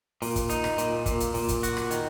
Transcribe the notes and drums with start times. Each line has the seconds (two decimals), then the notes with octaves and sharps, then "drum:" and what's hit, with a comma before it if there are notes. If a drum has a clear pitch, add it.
0.22 A#2, drum: open hi-hat
0.36 drum: kick, hi-hat
0.50 D#4, drum: hi-hat
0.64 drum: rim click
0.78 A#2, drum: hi-hat
1.06 A#2, drum: kick, hi-hat
1.20 drum: hi-hat
1.34 A#2, drum: open hi-hat
1.48 drum: kick, hi-hat
1.63 F#4, drum: hi-hat
1.77 drum: rim click
1.91 D#3, drum: hi-hat